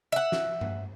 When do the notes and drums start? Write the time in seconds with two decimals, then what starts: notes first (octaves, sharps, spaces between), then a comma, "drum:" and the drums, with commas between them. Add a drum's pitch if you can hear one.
0.12 E5 F#5
0.32 drum: snare
0.61 drum: tom G2